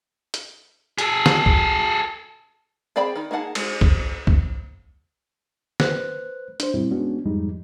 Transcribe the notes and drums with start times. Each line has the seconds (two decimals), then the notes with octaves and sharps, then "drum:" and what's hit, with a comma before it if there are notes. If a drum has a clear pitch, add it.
0.34 drum: hi-hat
0.98 G#4 A4, drum: hi-hat
1.26 drum: snare
1.46 drum: kick
2.96 C4 G#4 D5 G5 B5
3.16 D#3
3.31 A#3 D#4 G#4 F#5 A5
3.55 G#3, drum: cymbal
3.81 drum: kick
4.27 drum: kick
5.80 B4 C5 F#6, drum: snare
6.60 D4 C5, drum: hi-hat
6.74 F#2 A#2 G3 C4 E4
6.91 G#3 B3 C#4 D4 F#4
7.26 F2 G#2 F3 G3 G#3 D#4